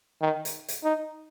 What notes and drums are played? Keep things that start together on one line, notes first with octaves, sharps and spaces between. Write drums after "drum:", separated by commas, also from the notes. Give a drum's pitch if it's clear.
D#3
drum: hi-hat
drum: hi-hat
D#4